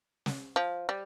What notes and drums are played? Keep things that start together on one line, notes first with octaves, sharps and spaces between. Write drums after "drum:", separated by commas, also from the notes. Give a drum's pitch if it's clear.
drum: snare
F3
G3